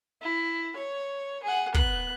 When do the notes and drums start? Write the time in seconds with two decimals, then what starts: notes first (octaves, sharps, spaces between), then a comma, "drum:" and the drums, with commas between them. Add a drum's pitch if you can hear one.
0.22 E4
0.76 C#5
1.43 G#4 F#5
1.74 B3 F#6, drum: kick